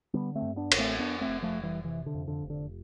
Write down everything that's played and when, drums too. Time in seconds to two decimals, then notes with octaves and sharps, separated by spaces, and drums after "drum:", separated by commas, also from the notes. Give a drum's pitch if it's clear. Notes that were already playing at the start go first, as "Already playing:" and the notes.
0.14 D3 G3 B3
0.35 A3 C4
0.42 G2
0.56 B3 D4
0.72 A1, drum: cymbal
0.78 A3 C4
0.99 F2 B3 D4
1.21 A3 C4
1.28 F1
1.42 F3 A3
1.57 F1
1.63 E3 G3
1.85 C3 E3
2.06 D3
2.14 F2
2.28 D3
2.42 F1
2.50 D3